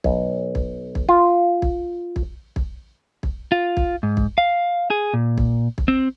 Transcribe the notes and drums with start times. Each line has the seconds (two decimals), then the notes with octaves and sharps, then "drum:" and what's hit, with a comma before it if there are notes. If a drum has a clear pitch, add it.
0.04 B1, drum: kick
0.55 drum: kick
0.95 drum: kick
1.09 F4
1.62 drum: kick
2.16 drum: kick
2.56 drum: kick
3.23 drum: kick
3.52 F4
3.77 drum: kick
4.03 G#2
4.17 drum: kick
4.38 F5
4.90 G#4
5.14 A#2
5.38 drum: kick
5.78 drum: kick
5.88 C4